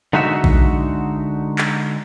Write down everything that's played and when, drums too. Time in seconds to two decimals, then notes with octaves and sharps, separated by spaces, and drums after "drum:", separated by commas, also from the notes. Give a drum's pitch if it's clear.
0.13 D3 G#3 D#4 F#4 E5 F#5
0.44 drum: kick B1
1.58 drum: clap